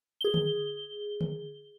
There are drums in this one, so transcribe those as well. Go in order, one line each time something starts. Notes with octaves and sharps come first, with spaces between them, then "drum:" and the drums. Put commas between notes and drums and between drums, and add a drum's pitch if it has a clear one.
G#4 G7
drum: tom D3
drum: tom D3